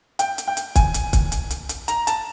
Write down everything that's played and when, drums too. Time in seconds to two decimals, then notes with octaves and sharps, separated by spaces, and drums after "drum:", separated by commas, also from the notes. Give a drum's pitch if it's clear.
0.19 G5, drum: hi-hat
0.38 drum: hi-hat
0.48 G5
0.57 drum: hi-hat
0.76 G#5, drum: kick, hi-hat
0.94 drum: hi-hat
1.13 drum: kick, hi-hat
1.32 drum: hi-hat
1.51 drum: hi-hat
1.69 drum: hi-hat
1.88 A#5, drum: hi-hat
2.07 A5, drum: hi-hat